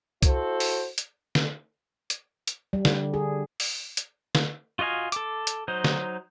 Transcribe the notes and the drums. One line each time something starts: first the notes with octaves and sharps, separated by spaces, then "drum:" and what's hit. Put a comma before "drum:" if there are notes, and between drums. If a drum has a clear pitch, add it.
E4 F#4 A4 C5, drum: kick C2, hi-hat
drum: open hi-hat
drum: hi-hat
drum: snare
drum: hi-hat
drum: hi-hat
G3
D3, drum: snare
G#4
drum: open hi-hat
drum: hi-hat
drum: snare
F4 F#4 D#5 F5 G#5
A4 D6, drum: hi-hat
drum: hi-hat
F#3 D#4 C5
drum: snare